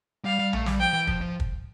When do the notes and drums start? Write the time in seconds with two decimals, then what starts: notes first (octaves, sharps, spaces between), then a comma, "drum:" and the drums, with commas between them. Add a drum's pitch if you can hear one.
0.24 G3 F5
0.39 G3
0.53 A3, drum: tom A#1
0.66 G3, drum: snare
0.80 F3 G5
0.93 E3
1.07 F3, drum: kick
1.21 F3
1.40 drum: kick